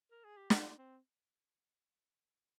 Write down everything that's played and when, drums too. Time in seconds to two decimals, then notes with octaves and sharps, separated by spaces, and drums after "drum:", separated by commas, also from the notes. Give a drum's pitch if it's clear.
0.11 A#4
0.24 G#4
0.37 G4
0.50 F4, drum: snare
0.78 C4